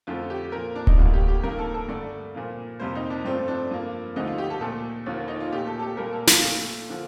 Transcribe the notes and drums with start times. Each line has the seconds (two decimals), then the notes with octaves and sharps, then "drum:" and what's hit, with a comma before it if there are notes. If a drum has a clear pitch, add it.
0.07 F2 D3 F3 A3 F4
0.30 G4
0.52 A#2 F3 A#3 A#4
0.76 D4
0.87 D#4, drum: kick D1
0.98 D2 D3 G3 A#3 F4
1.13 G4
1.28 G4
1.43 G2 D#3 A#3 A#4
1.59 A4
1.74 A4
1.89 G2 D3 A3 D5
2.34 A#2 F3 A#3
2.80 F2 C3 G3 A#3 C5
2.95 D#4
3.10 D4
3.25 G2 F3 A3 C4
3.48 D4
3.71 G2 F3 A#3
4.16 D2 D3 F3 A3 D#4
4.28 F4
4.38 G4
4.50 A4
4.61 A#2 A3 A4
5.06 D#2 D3 F3 A#3
5.28 D#4
5.40 F4
5.52 A#2 A3 G4
5.67 A4
5.79 A4
5.82 G4
5.97 A#2 G3 A#3 A#4
6.12 A4
6.27 F4, drum: snare
6.43 A#2 A3
6.90 D3 F3 A#3